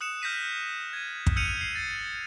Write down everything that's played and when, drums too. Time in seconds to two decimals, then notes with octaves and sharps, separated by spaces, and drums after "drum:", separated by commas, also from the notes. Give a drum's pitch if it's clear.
0.01 D#6 F#6 C#7 E7
0.22 F6 G6 A#6 B6 D#7
0.93 G#6 D#7
1.27 drum: kick
1.36 E6 F6 G6 C#7 D#7 F7
1.61 C7
1.75 A6